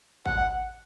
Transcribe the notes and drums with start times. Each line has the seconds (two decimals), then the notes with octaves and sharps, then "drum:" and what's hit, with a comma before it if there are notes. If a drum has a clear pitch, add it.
0.26 F#5, drum: kick G#1